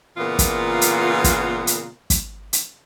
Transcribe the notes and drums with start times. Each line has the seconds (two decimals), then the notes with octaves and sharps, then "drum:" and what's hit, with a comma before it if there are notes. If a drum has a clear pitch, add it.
0.17 A#2 C#3 E3 A#3 B3 F4
0.39 drum: kick, hi-hat
0.81 drum: hi-hat
1.24 drum: kick, hi-hat
1.67 drum: hi-hat
2.10 drum: kick, hi-hat
2.53 drum: hi-hat